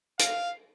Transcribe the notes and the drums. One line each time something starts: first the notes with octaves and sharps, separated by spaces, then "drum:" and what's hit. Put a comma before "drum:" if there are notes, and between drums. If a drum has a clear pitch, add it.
F5, drum: hi-hat